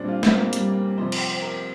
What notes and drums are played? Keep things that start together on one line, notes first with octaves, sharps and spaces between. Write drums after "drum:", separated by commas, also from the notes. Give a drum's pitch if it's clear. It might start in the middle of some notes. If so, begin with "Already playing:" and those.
Already playing: A#2 G3 C4 D4
F4
C4, drum: snare
A#3
G3, drum: hi-hat
A#3
C4
C3 F3 C5
C5, drum: cymbal
C5
A#4